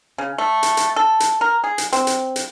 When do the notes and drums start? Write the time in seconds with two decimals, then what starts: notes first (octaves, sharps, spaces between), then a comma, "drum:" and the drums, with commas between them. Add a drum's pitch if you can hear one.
0.18 C#3
0.38 A3
0.63 drum: hi-hat
0.77 drum: hi-hat
0.96 A4
1.20 drum: hi-hat
1.41 A#4
1.64 G#4
1.78 drum: hi-hat
1.93 C4, drum: hi-hat
2.07 drum: hi-hat
2.36 drum: hi-hat